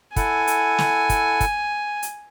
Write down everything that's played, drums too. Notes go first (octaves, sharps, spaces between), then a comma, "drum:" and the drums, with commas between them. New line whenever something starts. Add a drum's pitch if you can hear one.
E4 A4 F#5 G#5, drum: kick, hi-hat
drum: hi-hat
drum: snare
drum: kick, hi-hat
drum: kick, hi-hat
drum: hi-hat